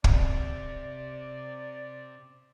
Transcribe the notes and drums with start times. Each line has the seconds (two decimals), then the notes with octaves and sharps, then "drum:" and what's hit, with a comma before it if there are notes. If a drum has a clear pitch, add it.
0.04 C3 D5, drum: kick